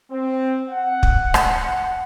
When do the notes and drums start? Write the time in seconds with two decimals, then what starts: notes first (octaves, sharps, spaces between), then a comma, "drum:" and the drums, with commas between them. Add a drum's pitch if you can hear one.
0.11 C4
0.69 F#5
1.03 drum: kick
1.34 drum: rim click